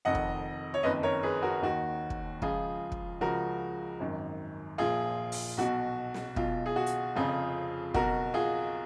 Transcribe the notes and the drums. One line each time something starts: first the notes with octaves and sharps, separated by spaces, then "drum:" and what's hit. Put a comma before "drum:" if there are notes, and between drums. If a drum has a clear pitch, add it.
F1 F2 D#3 D#5 F#5
drum: kick
C#5
F#1 F2 D#3 B4 D#5
A#4 C#5
G#4 B4
F#4 A#4
D#2 D#3 F#4
drum: kick
C#2 C#3 F3 F4 G#4, drum: kick
drum: kick
C#2 C#3 F3 F#4 A#4
G#1 F#2 D#3
A#1 A#2 F3 F4 G#4
drum: open hi-hat
B1 B2 F#4
drum: snare
B1 B2 F4, drum: kick
G#4
F#4
drum: hi-hat
F1 F2 C#3 F3 F4 G#4
B1 B2 F#4 A#4, drum: kick
F4 G#4